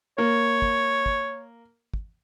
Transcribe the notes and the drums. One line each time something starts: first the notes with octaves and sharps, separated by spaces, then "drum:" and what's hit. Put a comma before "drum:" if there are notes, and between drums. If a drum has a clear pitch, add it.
A#3 C#5
drum: kick
drum: kick
drum: kick